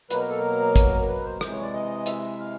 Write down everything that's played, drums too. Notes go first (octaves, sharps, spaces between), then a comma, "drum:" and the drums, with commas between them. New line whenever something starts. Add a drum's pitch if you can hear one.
B2 F#3 A#3 B4, drum: hi-hat
A#4
A4
A#4
drum: kick, hi-hat
A#4
B4
C5
C3 E3 G#3 C5, drum: rim click
C#5
D5
D#5
E5, drum: hi-hat
F5